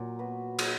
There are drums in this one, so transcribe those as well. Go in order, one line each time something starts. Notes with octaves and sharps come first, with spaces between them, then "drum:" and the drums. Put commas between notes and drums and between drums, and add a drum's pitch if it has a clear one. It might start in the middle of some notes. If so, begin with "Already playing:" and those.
Already playing: A#2 F#3
B3 F#4 B4
F#3, drum: cymbal